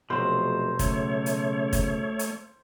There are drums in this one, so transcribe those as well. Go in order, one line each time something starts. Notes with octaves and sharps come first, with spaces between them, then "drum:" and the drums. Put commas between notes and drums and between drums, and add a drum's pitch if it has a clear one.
F1 B2 F#3 C5
C#3 A3 C#5, drum: kick, hi-hat
drum: hi-hat
drum: kick, hi-hat
drum: hi-hat